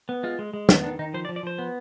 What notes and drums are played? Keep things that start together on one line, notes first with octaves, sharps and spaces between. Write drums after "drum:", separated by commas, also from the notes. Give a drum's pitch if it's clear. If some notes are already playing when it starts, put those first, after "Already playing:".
B3
G#3 F4
G#3
G#3
B3 D#4, drum: snare
D#3 D4
D#3 D#4
F3 C5
D5
F3
D5
F3 C5
B3